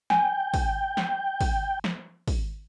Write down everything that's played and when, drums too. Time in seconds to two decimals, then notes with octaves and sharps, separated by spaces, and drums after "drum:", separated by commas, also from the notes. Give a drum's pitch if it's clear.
0.10 G5 G#5, drum: snare
0.54 drum: kick, open hi-hat
0.97 drum: snare
1.41 drum: kick, open hi-hat
1.84 drum: snare
2.28 drum: kick, open hi-hat